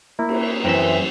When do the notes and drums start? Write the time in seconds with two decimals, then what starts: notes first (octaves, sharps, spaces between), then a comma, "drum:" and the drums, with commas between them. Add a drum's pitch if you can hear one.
0.19 A#3 E4
0.29 drum: cymbal
0.65 F#2 E3 C4 E5